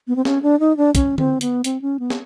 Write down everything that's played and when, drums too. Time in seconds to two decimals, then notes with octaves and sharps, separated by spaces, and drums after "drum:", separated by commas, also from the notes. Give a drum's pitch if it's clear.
0.08 B3
0.16 C4
0.25 C#4, drum: snare
0.43 D4
0.60 D#4
0.77 D4
0.95 C#4, drum: kick, hi-hat
1.18 C4, drum: tom D3
1.41 B3, drum: hi-hat
1.64 C4, drum: hi-hat
1.82 C#4
1.99 B3
2.10 drum: snare